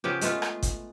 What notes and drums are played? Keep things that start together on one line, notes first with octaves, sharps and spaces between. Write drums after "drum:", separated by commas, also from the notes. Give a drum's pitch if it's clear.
C#3 F3 B3 G4
G#3 A3 B3 F4, drum: hi-hat
drum: rim click
drum: kick G1, hi-hat